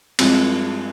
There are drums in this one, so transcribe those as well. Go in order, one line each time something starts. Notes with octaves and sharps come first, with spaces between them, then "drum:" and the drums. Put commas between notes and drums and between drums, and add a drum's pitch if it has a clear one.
G2 F3 G#3 C4, drum: cymbal